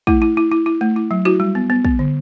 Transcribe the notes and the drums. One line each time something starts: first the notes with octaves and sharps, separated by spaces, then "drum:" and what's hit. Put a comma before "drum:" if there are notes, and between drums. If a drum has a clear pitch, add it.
A3 E4, drum: kick
E4
E4
E4
E4
A3
E4
F#3
E4 F#4
G3
B3
B3
B3, drum: kick
D3